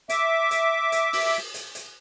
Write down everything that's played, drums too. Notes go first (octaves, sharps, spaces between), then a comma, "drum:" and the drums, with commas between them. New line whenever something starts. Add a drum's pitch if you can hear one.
E5 D6, drum: hi-hat
drum: hi-hat
drum: hi-hat
drum: open hi-hat
drum: hi-hat
drum: hi-hat